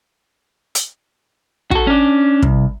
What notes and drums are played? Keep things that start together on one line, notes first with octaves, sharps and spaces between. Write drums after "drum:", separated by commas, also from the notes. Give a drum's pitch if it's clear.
drum: hi-hat
F#4 A4, drum: kick
C#4 D4
C2, drum: kick